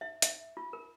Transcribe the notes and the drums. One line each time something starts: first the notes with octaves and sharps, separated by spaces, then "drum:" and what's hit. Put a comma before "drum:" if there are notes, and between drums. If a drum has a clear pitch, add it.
E5
E5, drum: hi-hat
F4
A#4